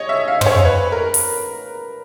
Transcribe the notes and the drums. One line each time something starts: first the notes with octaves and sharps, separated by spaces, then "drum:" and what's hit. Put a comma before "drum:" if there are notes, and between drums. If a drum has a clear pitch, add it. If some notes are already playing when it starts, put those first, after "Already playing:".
Already playing: C#5 D#5
E5
F5
C5, drum: tom
C#5
B4
A#4
drum: open hi-hat